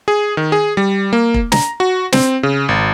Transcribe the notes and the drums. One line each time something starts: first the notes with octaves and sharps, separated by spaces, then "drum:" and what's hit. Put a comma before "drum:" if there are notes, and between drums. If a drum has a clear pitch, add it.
G#4
D#3
G#4
G3
A#3
drum: kick E1
A#5, drum: snare
F#4
C4, drum: snare
C#3
G#1